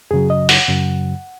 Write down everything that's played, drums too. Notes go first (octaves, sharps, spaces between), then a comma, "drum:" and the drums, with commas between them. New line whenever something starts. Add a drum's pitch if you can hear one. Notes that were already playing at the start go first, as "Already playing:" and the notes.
F#2 C#3 F#3 G#4
D#5
F#5, drum: open hi-hat
F#2 C#3 F#3